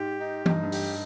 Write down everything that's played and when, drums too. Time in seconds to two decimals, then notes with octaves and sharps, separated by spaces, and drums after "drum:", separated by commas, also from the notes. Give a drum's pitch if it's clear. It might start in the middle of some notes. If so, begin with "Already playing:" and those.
Already playing: G#2 G4
0.20 D#4
0.46 G2 D#4, drum: tom E3
0.63 G2
0.72 G4, drum: open hi-hat